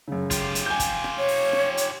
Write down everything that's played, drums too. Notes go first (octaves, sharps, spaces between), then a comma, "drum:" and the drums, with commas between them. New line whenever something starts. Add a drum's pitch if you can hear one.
F#2 C#3
F4 G4, drum: kick, hi-hat
drum: hi-hat
G#5 G6
drum: kick, hi-hat
drum: rim click
C#5
drum: open hi-hat
drum: rim click
drum: hi-hat